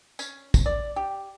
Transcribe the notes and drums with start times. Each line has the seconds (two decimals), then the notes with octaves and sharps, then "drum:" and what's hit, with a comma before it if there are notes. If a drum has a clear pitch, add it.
0.19 C#4, drum: tambourine
0.54 drum: kick, tambourine
0.66 D5
0.96 G4